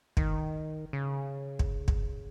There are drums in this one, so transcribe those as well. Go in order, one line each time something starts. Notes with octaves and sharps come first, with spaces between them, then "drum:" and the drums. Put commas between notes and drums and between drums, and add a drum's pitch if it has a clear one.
D#3, drum: kick
C#3
drum: kick
drum: kick